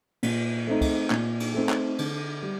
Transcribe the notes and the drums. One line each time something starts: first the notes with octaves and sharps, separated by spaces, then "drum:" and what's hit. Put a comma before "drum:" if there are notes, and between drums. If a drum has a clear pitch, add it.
A#2, drum: cymbal
A3 C4 D#4
drum: kick, cymbal
A#2, drum: clap
drum: cymbal
A3 C4 D#4
drum: clap
D3, drum: cymbal
G3